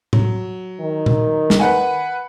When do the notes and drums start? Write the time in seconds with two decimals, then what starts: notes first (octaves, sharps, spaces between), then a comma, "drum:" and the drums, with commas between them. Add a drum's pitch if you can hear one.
0.13 F#3, drum: tom A2
0.80 D#3
1.06 drum: tom A#2
1.50 drum: snare
1.59 B4 F#5 G#5